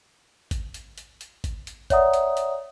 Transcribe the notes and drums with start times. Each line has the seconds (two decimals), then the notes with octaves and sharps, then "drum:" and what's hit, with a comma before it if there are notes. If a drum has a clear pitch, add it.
0.51 drum: kick G#1, hi-hat
0.74 drum: hi-hat
0.98 drum: hi-hat
1.21 drum: hi-hat
1.44 drum: kick G#1, hi-hat
1.67 drum: hi-hat
1.90 C#5 D5 E5 F#5 A#5 D#6, drum: kick G#1, hi-hat
2.14 drum: hi-hat
2.37 drum: hi-hat